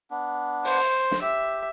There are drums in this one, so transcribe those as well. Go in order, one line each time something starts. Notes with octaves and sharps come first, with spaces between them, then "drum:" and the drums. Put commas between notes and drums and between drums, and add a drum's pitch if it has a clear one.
B3 D4
C5, drum: open hi-hat
drum: snare
G4 E5